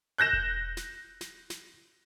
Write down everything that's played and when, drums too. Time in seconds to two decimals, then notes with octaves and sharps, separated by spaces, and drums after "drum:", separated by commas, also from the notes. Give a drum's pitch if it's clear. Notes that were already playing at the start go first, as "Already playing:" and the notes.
0.18 F#6 G6 A#6 E7
0.33 drum: kick E1
0.77 drum: snare
1.21 drum: snare
1.50 drum: snare